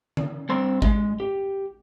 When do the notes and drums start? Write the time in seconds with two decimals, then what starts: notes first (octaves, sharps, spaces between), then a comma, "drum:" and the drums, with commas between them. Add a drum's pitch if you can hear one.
0.17 drum: tom D3
0.49 G2 C4 C6
0.82 G#3 D#5, drum: kick G#1
1.20 G4